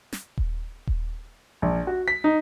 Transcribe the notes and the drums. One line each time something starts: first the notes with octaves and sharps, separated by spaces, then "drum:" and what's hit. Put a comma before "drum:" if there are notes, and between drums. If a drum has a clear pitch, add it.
drum: snare
drum: kick D#1
drum: kick D#1
A#1
F#4
B6
D#4